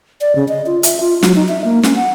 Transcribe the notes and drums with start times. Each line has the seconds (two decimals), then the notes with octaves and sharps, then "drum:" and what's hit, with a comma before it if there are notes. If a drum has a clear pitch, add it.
0.21 D5
0.36 C#3
0.48 D#5
0.66 F4
0.83 E5, drum: hi-hat
1.01 F4
1.23 F#3, drum: snare
1.35 D#4
1.49 E5
1.65 A#3
1.83 C#4, drum: snare
1.96 F#5